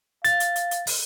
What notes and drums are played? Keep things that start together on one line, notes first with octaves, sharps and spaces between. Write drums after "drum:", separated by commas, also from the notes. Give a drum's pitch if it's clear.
F5 A6, drum: hi-hat
drum: hi-hat
drum: hi-hat
drum: hi-hat
drum: open hi-hat